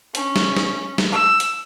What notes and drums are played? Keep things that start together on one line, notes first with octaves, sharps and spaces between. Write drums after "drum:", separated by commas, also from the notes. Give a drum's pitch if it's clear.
C#4, drum: hi-hat
drum: snare
drum: snare
drum: snare
E6
drum: hi-hat